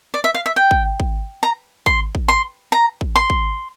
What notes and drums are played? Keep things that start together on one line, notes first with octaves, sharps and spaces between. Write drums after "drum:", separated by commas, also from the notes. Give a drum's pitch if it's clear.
D5
E5
F5
E5
G5
drum: kick
drum: kick
A#5
C6, drum: kick
drum: kick
C6
A#5
drum: kick
C6
drum: kick